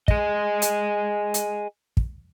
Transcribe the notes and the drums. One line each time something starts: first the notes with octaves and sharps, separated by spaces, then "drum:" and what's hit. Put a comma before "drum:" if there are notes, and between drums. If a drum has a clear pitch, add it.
G#4 D#5, drum: kick
drum: hi-hat
drum: hi-hat
drum: kick